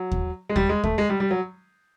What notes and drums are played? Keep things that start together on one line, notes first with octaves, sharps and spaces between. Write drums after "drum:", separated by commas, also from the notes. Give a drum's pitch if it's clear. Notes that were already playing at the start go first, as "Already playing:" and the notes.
Already playing: F#3
drum: kick D#2
G#3
G3, drum: kick D#2
G#3
A3, drum: kick D#2
G#3
G3
G3
F#3